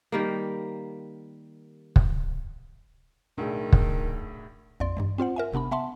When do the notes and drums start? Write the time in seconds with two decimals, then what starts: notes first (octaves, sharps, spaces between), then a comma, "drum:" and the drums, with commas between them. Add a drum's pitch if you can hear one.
0.12 D#3 G3 A#3
1.96 drum: kick
3.38 B1 A2 D#3 D4 G#4
3.73 drum: kick
4.80 A#1 F2 D5 C6
4.97 G2 E3 G#3
5.18 C4 F4 C5 F#5
5.36 A#4 E5 G#5
5.52 G1 C3 B3 D4 B5
5.71 B3 E5 F#5 A5 C6